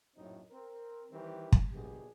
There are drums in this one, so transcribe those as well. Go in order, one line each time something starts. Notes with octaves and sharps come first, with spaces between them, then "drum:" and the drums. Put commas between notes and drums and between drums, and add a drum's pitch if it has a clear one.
A#1 F#2 A2 C4 D#4
C4 A#4
D#3 E3 G3 C4 G4
drum: kick
A#1 B2 D3 G4 G#4